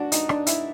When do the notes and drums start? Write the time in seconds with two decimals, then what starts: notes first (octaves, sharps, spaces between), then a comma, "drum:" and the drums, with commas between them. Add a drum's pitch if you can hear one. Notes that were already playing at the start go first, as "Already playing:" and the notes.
Already playing: D4 F#4
0.12 D#4, drum: hi-hat
0.29 D4, drum: rim click
0.47 E4, drum: hi-hat